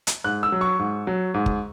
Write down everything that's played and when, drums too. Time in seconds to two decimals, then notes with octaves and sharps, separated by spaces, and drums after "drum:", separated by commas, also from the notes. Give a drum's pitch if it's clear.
0.07 drum: hi-hat
0.24 G#2 F#6
0.43 E6
0.52 F#3
0.61 C#6
0.79 G#2
1.07 F#3
1.34 G#2
1.46 drum: kick G1